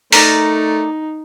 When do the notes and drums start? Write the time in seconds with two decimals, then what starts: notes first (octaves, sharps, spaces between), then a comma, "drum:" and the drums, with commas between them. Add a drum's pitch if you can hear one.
0.12 A3 D#4 A#4 D5 A#5, drum: open hi-hat